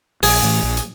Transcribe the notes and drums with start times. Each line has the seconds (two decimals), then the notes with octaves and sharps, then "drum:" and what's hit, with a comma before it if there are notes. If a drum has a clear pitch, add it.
0.23 A#1 G#4, drum: open hi-hat
0.43 A2 E3
0.63 A#1
0.77 drum: hi-hat